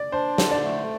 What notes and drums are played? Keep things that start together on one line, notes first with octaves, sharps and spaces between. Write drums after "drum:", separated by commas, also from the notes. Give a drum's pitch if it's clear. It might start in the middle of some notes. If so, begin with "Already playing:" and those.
Already playing: D5
D4 C5
D3, drum: snare
D5
A3